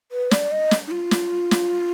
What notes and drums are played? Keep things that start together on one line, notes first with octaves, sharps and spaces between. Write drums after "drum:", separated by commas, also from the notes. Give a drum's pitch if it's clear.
B4
D5, drum: snare
D#5
drum: snare
D#4
F4
drum: snare
drum: snare